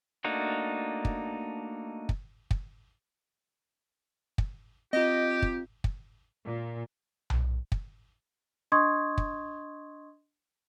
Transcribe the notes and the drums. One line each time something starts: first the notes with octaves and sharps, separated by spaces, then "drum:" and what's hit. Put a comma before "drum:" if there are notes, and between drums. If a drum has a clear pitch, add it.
A3 A#3 D4 D#4 F#4
drum: kick
drum: kick
drum: kick
drum: kick
C4 F4 G4 D#5
drum: kick
drum: kick
A#2
drum: tom B1
drum: kick
D4 D#5 C6 C#6 D#6 G#6
drum: kick